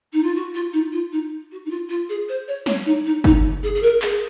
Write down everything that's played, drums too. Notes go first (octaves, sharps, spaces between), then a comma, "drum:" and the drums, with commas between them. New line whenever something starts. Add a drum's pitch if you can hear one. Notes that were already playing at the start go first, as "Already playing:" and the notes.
D#4
F4
F#4
F4
D#4
F4
D#4
F#4
D#4
F4
F4
G#4
C5
C#5
C#5, drum: snare
D#4
D#4
D#4, drum: kick G1
G#4
G#4
A#4
G#4, drum: clap